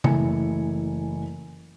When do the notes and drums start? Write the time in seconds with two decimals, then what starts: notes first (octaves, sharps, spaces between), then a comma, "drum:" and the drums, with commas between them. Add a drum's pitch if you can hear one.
0.04 F#1 E3 A3 E4 G#5 C#7, drum: tom C3